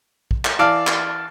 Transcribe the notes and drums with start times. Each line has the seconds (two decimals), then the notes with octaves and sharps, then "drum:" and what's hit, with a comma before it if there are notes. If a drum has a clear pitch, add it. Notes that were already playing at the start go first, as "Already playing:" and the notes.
0.31 drum: kick
0.45 drum: clap
0.59 E3 D5 F5 A5
0.87 drum: clap